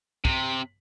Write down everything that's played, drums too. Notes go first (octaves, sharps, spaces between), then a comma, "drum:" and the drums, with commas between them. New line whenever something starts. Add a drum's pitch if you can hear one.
C3, drum: kick